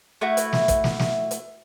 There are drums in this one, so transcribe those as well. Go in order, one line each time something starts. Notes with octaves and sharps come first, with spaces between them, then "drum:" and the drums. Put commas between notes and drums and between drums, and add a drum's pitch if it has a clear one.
A3 E4 F#4
drum: hi-hat
drum: snare
drum: kick, hi-hat
drum: snare
drum: snare
drum: hi-hat